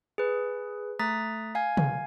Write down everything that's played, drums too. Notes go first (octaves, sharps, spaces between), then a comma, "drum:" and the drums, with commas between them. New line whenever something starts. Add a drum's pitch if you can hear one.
G#4 B4
A3 A#5 D#6 F#6 A6 B6
F5 G#5 G#6
drum: tom